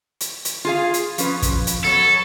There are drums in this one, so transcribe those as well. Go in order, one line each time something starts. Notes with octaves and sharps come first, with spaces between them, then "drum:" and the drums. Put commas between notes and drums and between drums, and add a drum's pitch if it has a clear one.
drum: hi-hat
drum: hi-hat
F4 G#4 F5
drum: hi-hat
F3 C#4 B4, drum: hi-hat
drum: kick, hi-hat
drum: hi-hat
F#3 B3 A4 C#5